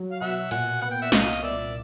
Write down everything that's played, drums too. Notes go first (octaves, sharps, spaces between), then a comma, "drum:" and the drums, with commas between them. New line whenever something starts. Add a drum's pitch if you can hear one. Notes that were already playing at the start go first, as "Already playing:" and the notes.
Already playing: F#3
F5
B2 E5 F#5
A#2 F#5 G#5, drum: hi-hat
B3 F#5
G5
E5 F#5
C2 D#5 F5, drum: snare
drum: hi-hat
A#2 D5 E5